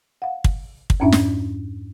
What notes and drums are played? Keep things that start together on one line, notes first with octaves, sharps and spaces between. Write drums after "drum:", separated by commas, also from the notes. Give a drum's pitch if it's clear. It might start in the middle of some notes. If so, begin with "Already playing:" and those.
F5 F#5
drum: kick
drum: kick
F2 G#2 C#4 D4 E4 E5
drum: snare